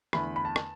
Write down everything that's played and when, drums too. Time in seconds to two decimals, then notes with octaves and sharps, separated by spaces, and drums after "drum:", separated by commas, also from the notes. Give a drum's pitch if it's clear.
0.13 E2 D3 A3 B5, drum: rim click
0.36 B5
0.45 A5
0.56 drum: rim click